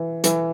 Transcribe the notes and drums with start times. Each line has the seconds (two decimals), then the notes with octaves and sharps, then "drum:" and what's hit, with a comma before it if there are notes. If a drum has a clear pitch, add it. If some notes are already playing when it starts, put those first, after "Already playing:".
Already playing: E3
0.24 E3, drum: hi-hat